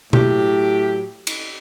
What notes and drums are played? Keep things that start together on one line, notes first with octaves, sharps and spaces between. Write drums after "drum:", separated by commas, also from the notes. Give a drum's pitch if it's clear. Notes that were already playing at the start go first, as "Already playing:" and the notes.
A2 F#3 G4, drum: tom B2
drum: cymbal